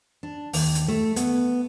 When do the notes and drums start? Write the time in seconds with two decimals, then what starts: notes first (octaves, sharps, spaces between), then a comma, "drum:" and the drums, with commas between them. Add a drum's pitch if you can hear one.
0.23 D4
0.53 D#2, drum: open hi-hat
0.75 drum: hi-hat
0.88 A3
1.16 B3, drum: hi-hat